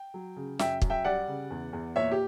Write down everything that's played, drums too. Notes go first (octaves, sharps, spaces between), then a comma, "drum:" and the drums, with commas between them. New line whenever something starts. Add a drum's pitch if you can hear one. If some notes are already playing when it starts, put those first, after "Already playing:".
Already playing: G5
F#3
C#3
F#2 E5 G5, drum: snare
F#2, drum: kick
E5 G5
G3 D5 F#5
C#3
E2
E2
A#2 C#5 E5
G4